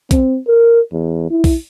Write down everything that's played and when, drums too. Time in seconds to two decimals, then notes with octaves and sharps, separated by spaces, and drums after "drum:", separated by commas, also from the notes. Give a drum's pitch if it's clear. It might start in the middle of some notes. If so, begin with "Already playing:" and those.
0.11 C4, drum: kick, hi-hat
0.47 A#4
0.92 E2
1.30 E4
1.44 drum: kick, open hi-hat